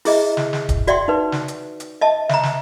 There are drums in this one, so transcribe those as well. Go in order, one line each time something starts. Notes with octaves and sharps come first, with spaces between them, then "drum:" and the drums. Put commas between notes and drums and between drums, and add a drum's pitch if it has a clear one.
E4 G#4 D#5 E5, drum: open hi-hat
drum: snare
drum: snare
drum: kick, hi-hat
F#4 D5 E5 F#5 G5 C6, drum: hi-hat
D#4 B4
drum: snare
drum: hi-hat
drum: hi-hat
D#5 E5 A5
E5 A#5, drum: snare
drum: snare